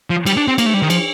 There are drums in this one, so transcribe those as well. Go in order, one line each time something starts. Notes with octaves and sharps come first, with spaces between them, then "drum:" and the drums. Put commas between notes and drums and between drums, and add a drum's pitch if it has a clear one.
F3
G3, drum: cymbal
D4
C4
A#3, drum: cymbal
A3
G3
D#3
F3, drum: cymbal